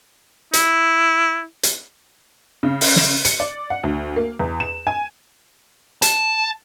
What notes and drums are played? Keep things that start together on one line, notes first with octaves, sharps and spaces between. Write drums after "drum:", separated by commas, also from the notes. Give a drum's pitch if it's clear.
E4, drum: hi-hat
drum: hi-hat
C#3
drum: open hi-hat
drum: snare
C#7, drum: hi-hat
D5
F#5
D2
A#3
E2
E7
G#5
A5, drum: hi-hat